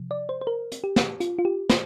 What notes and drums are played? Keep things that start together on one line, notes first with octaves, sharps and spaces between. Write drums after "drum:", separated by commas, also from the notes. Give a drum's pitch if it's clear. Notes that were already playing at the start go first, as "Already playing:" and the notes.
Already playing: C3 F3
D5
C5
C5
A#4
drum: hi-hat
G4
drum: snare
F4, drum: hi-hat
F4
G4
C5, drum: snare